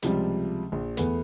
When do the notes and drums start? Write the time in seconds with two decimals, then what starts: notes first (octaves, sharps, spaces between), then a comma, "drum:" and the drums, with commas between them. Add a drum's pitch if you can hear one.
0.02 C#2 C3 F3 G3, drum: hi-hat
0.72 A#1
0.97 E2 A3 B3, drum: hi-hat